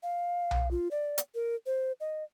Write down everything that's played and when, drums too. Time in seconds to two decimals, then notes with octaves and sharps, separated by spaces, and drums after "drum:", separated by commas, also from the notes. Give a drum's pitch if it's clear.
0.03 F5
0.51 drum: tom B1
0.71 F4
0.91 D5
1.18 drum: hi-hat
1.35 A#4
1.66 C5
2.00 D#5